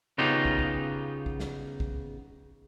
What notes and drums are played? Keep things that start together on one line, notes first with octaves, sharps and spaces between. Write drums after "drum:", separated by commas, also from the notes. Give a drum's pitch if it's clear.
C#3 B3 D#4 F4 G4
drum: kick
drum: kick
drum: kick
drum: snare
drum: kick